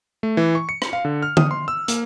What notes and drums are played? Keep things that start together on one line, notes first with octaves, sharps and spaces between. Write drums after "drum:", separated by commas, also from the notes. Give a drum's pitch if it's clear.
A3
E3
C#6
C#7
drum: rim click
F5
D3
F6
D#6, drum: tom D3
C6
E6
A#3, drum: hi-hat